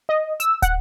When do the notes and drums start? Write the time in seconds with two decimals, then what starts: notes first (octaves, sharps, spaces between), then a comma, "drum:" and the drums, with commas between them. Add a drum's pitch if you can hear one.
0.09 D#5
0.40 E6, drum: hi-hat
0.62 F#5, drum: kick, hi-hat